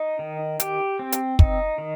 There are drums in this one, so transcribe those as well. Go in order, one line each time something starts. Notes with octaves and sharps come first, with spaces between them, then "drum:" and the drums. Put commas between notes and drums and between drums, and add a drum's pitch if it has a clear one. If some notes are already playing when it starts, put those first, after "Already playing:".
Already playing: D#4
D#3
G4, drum: hi-hat
C4
drum: hi-hat
D#4, drum: kick
D#3